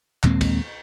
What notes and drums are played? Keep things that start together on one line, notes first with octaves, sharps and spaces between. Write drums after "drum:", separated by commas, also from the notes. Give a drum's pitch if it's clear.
D#2 A#2 G#3 C4, drum: clap
drum: kick, cymbal